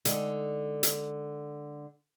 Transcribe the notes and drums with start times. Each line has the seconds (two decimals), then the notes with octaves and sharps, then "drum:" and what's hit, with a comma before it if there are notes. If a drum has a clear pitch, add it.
0.05 D3 G#3 D#4, drum: hi-hat
0.83 drum: hi-hat